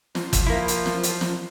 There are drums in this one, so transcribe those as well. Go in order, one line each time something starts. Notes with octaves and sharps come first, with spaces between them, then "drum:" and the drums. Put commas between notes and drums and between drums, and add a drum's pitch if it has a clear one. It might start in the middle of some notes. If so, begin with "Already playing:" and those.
F3, drum: snare
drum: kick, hi-hat
A#3 E4
drum: hi-hat
drum: snare
drum: hi-hat
drum: snare